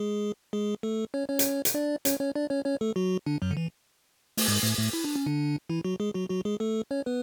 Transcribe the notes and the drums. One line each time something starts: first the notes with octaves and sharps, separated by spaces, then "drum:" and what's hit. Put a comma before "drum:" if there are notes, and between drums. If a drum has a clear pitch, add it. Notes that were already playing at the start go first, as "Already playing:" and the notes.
Already playing: G#3 G#4
G#3 G#4
A3 A4
C#4 C#5
C#4 C#5
drum: hi-hat
drum: hi-hat
D4 D5
C#4 C#5, drum: hi-hat
C#4 C#5
D4 D5
C#4 C#5
C#4 C#5
A3 A4
F#3 F#4
D3 D4
F#2 F#3
D3
E3
A3, drum: open hi-hat
G#2 G#3
A2 A3
A2 A3
E4
D4
C#4
D3 D4
E3 E4
F#3 F#4
G#3 G#4
F#3 F#4
F#3 F#4
G#3 G#4
A3 A4
C#4 C#5
B3 B4